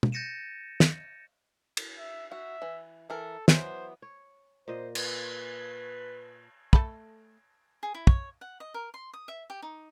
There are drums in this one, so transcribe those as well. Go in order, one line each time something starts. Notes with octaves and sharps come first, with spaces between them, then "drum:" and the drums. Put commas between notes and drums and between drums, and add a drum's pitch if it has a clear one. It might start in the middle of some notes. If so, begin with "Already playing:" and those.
drum: tom
G6 A6 A#6 C#7 D#7 E7
drum: snare
drum: cymbal
E5
F#4 E5
E3
E3 A4 A#4
E3 F#3 B3 C5, drum: snare
C#5
A#2 C5 D#5
B4, drum: cymbal
A3 A4 B5, drum: kick
G#4
E4
C#5, drum: kick
F#5
D#5
A#4
C6
D#6
E5
G4
D#4